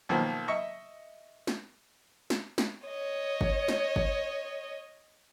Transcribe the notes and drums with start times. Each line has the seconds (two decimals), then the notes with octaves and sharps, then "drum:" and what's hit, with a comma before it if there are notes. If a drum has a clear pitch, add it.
0.09 B1 D#3 F3 A#3
0.48 D#5 E5 C#6
1.47 drum: snare
2.30 drum: snare
2.58 drum: snare
2.87 C#5 D#5
3.41 drum: kick G1
3.68 drum: snare
3.96 drum: kick G1